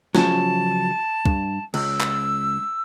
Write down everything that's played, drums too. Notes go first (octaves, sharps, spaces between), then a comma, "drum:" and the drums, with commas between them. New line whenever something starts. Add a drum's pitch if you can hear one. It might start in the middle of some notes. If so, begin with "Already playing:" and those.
C#3 F3 F#3 A5, drum: snare
G2, drum: kick
C#2 E6, drum: cymbal
drum: clap